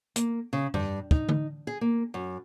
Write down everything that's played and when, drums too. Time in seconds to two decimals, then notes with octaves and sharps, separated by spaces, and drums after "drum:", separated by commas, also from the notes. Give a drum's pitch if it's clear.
0.16 A#3, drum: hi-hat
0.53 C#3
0.74 G2, drum: tom F2
1.11 D#4, drum: kick
1.29 drum: tom D3
1.67 G#4
1.81 A#3
2.14 F#2